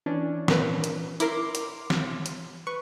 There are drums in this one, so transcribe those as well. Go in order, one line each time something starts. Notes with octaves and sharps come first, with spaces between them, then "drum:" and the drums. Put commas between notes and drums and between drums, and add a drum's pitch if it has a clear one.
E3 C#4 D4
A#2 A#4 B4, drum: snare
drum: hi-hat
E4 A#4 C6 D6, drum: hi-hat
drum: hi-hat
drum: snare
drum: hi-hat
B4 C#6